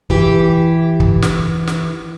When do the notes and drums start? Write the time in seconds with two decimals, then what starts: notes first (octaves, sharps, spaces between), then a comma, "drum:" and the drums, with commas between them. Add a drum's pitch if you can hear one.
0.10 E3 G4, drum: kick
1.00 drum: kick
1.22 drum: snare
1.67 drum: snare